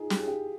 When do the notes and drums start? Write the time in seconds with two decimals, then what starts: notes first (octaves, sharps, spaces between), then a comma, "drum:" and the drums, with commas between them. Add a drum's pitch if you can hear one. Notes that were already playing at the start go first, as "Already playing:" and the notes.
Already playing: D#4 F4 G#4
0.10 G4, drum: snare
0.19 G#4
0.28 G4